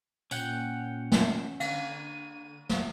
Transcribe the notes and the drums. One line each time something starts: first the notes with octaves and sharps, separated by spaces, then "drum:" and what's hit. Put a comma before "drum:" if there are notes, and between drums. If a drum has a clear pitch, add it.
A#2 C#4 F#5 G5, drum: tambourine
drum: snare
D3 F5 D#7, drum: cymbal
drum: snare